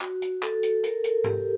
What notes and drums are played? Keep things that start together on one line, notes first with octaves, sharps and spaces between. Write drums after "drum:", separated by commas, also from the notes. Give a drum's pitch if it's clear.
F#4, drum: clap
drum: hi-hat
A4, drum: clap
drum: hi-hat
A#4, drum: hi-hat
drum: hi-hat
G4, drum: tom G#2